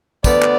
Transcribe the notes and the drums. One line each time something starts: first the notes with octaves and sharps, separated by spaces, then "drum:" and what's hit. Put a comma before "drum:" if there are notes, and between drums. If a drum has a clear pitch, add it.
D2 D3 B3 D5, drum: kick, tambourine
drum: clap